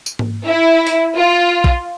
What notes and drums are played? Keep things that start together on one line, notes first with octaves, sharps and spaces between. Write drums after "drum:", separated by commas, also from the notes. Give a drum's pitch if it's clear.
drum: tambourine
drum: tom G#2
E4
drum: open hi-hat
F4
drum: kick